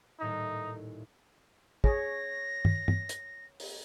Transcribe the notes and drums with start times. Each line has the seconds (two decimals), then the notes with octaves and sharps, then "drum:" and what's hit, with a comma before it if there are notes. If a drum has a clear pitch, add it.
0.20 D#1 A2 D#4 E6
1.84 G#4 C#5 A#6, drum: kick
2.65 drum: tom G2
2.88 drum: tom
3.09 drum: hi-hat
3.60 drum: open hi-hat